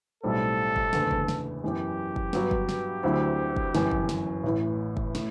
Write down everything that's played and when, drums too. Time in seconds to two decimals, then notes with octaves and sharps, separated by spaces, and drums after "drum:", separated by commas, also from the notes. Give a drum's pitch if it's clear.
0.23 B1 A2 G3 C4 A4
0.76 drum: kick
0.93 F#1 E2 D3 A3, drum: snare
1.11 drum: kick
1.28 drum: snare
1.63 F#2 E3 B3 G4
2.16 drum: kick
2.33 G2 F#3 B3, drum: snare
2.51 drum: kick
2.69 drum: snare
3.03 D2 D3 F#3 C4 E4
3.56 drum: kick
3.75 G1 F#2 E3, drum: snare
3.91 drum: kick
4.09 drum: snare
4.43 A1 A2 E3
4.97 drum: kick
5.15 A2, drum: snare